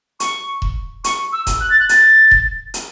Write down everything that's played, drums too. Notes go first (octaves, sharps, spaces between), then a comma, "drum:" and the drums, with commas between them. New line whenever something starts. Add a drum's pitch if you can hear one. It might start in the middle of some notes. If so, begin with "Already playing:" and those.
C#6, drum: hi-hat
drum: kick E1
C#6, drum: hi-hat
E6
drum: kick E1, hi-hat
F#6
A6
F#6
A6, drum: hi-hat
drum: kick E1
drum: hi-hat